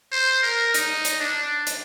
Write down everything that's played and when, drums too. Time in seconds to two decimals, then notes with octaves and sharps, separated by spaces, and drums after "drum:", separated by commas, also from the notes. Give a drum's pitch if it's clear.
0.12 C5
0.43 A#4
0.74 D#4, drum: hi-hat
1.05 drum: hi-hat
1.20 D4
1.67 drum: hi-hat